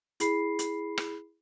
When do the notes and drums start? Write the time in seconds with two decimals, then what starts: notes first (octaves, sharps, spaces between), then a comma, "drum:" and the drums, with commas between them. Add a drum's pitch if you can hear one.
0.20 E4 G#4 B5 C7, drum: hi-hat
0.59 drum: hi-hat
0.98 drum: rim click